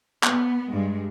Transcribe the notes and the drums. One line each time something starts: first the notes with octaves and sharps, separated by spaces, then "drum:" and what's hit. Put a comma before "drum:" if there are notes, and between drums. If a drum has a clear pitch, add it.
B3, drum: clap
G2 G#3